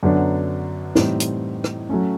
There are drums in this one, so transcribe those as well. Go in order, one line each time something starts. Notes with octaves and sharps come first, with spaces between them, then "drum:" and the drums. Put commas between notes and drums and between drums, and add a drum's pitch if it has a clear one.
F#2 D3 F#3 B3 D4
A2 E3 G3 C4 D#4, drum: snare E4
drum: hi-hat
drum: rim click
F#3 A3 C#4